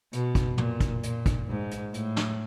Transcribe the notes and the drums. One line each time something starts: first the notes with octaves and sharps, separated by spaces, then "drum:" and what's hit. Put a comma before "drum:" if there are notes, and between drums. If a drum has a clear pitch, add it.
B2, drum: hi-hat
drum: kick, hi-hat
A#2, drum: tom
drum: kick, hi-hat
A#2, drum: hi-hat
drum: kick, hi-hat
G#2
drum: hi-hat
A2, drum: hi-hat
drum: snare